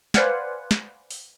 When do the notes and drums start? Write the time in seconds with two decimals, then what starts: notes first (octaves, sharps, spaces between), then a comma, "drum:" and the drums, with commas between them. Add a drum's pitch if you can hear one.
0.14 B4 C5 D5 F5 F#5 G#5, drum: snare
0.71 drum: snare
1.11 drum: open hi-hat